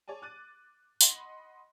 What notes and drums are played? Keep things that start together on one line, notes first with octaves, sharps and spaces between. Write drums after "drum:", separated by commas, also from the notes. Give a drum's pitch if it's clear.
G#4 C#5 D5 G#5 A5
D6 F#6 A6 D#7
D#5 F#5 B5 C6, drum: tambourine